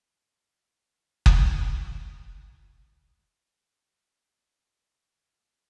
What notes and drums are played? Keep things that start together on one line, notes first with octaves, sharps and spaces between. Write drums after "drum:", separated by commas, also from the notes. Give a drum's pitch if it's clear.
F5
drum: kick F#1
F#5
G#5
G#5